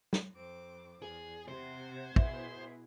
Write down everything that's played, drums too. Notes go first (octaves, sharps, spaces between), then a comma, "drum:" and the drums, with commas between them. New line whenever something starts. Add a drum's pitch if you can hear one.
drum: snare
F2 C4 D6
E2 G#4
C3 C5 F#5 C6 G#6
B2 E4 G#4 E5, drum: kick